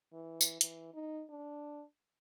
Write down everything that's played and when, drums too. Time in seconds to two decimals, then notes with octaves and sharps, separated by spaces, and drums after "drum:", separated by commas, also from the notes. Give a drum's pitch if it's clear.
0.13 E3
0.41 drum: tambourine
0.61 E3, drum: hi-hat
0.94 D#4
1.30 D4